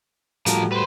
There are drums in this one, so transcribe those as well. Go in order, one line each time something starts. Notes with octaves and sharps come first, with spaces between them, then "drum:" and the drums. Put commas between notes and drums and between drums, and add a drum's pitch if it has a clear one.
A2 F3 G3 F#4 A#4, drum: hi-hat
B4 C5